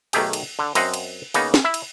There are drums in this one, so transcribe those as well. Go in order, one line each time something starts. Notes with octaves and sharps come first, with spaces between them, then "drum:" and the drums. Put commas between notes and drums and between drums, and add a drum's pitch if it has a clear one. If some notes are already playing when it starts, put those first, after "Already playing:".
B1 D#3 A3 G4 G#4 G5, drum: cymbal
drum: cymbal
D3
F#2 C4 D#5 F5 F#5, drum: cymbal
drum: cymbal
C#3 A#3 B3 D#4, drum: cymbal
drum: snare
E4 E5
drum: cymbal